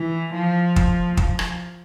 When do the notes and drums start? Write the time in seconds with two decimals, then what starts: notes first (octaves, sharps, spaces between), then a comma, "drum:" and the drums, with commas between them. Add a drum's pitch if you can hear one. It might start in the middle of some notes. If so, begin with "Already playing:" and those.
Already playing: E3
0.34 F3
0.76 drum: kick
1.17 F3, drum: kick
1.39 drum: rim click